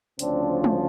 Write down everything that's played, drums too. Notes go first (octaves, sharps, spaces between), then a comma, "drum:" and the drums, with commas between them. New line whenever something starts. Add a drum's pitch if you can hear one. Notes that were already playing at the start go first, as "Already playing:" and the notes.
D2 C#3 F3 C4 D4, drum: hi-hat
drum: tom